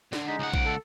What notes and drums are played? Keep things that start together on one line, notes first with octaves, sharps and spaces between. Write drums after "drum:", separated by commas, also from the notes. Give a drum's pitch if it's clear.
D3, drum: snare
G#3 D#4 B6
C#2 F#5 D#6
G#2 D7, drum: kick A#1
A4